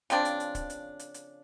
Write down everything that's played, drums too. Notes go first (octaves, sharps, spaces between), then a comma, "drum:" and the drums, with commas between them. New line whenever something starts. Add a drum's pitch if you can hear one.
C#3 F3 C4 D4, drum: hi-hat
drum: hi-hat
drum: hi-hat
drum: kick, hi-hat
drum: hi-hat
drum: hi-hat
drum: hi-hat